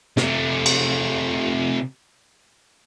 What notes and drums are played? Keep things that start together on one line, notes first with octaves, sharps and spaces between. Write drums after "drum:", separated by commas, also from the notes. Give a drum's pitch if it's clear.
C3 A3, drum: snare
drum: cymbal